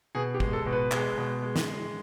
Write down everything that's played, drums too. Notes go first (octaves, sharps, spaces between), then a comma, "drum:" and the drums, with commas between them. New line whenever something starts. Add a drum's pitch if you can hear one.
B2 G#4
G4
G#3, drum: kick
A4
B2
B4
G#3, drum: clap
B2
G#3
drum: snare
G#3